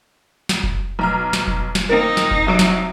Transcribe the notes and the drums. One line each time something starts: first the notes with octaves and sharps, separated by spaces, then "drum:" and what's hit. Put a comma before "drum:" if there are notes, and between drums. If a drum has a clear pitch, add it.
drum: snare
drum: kick F1
B1 A#5 F6
drum: snare
drum: kick F1
drum: snare
A#3 C4 D#4 A#4
drum: snare
drum: kick F1
C2 F#3 D7
drum: snare